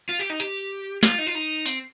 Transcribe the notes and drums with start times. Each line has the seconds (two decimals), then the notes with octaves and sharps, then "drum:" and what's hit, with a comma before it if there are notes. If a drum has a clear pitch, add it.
0.09 F4
0.19 G4
0.30 D#4
0.40 G4, drum: hi-hat
1.03 F4, drum: snare
1.19 D#4
1.27 F4
1.35 D#4
1.66 C4, drum: open hi-hat